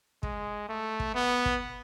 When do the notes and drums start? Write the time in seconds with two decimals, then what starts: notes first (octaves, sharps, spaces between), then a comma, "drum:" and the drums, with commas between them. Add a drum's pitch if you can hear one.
0.23 G#3, drum: kick
0.69 A3
1.00 drum: kick
1.14 B3
1.46 drum: kick